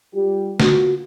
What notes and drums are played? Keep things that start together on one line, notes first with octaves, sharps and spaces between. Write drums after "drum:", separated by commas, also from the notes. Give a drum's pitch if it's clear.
G3 F4 G4
A#3 B3 F4 F#4, drum: snare